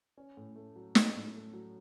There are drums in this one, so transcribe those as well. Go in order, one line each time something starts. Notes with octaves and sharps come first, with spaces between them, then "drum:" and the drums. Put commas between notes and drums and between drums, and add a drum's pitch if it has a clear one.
C#4
A2
A3
F#3
C#4, drum: snare
A2
A3
F#3